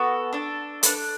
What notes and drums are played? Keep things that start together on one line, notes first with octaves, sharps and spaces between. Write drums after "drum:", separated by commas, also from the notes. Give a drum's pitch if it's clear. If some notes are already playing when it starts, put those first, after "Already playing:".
Already playing: B3 F#4 A4
D4 A4
D4 A4 B4, drum: hi-hat